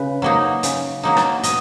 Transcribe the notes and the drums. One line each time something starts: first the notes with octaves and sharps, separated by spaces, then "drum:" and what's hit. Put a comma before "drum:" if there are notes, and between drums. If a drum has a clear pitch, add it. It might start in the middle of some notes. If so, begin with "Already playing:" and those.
Already playing: C#3 B4
F#3 A#3 D#4
C#3, drum: hi-hat
F#3 A#3 D#4
drum: rim click
B2 D#5, drum: hi-hat